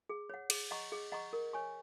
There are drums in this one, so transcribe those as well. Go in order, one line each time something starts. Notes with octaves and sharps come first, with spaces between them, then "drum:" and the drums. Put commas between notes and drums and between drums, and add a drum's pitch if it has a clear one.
G#4
C#5 F#5
G#4, drum: cymbal
D#5 F#5 A#5 C#6
G#4
D#5 F#5 A#5 C#6
A#4
C#5 G#5 C#6